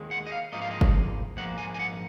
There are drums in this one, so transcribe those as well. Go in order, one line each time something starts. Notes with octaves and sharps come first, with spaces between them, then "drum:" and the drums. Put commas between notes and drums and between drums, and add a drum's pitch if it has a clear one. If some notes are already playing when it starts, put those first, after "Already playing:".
Already playing: D#2 D#3 G#3
F#5
D#5
F5
G#2 F3 A#3 D#5
F5
D#5
drum: kick G1
G#2 F3 A#3 F#5
G#5
G#5
F#5